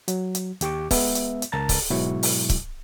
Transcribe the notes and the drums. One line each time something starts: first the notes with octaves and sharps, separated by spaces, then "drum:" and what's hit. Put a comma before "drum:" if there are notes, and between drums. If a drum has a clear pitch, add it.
F#3, drum: hi-hat
drum: hi-hat
D#2 G4 C#6 D6, drum: hi-hat
G#3 B3 E5, drum: kick C#1, open hi-hat
drum: hi-hat
drum: hi-hat
C#2 A#4 A5 A#5 A6
drum: kick C#1, open hi-hat
G#2 B2 F#3 G#3 E4 C#6
drum: open hi-hat
drum: kick C#1, hi-hat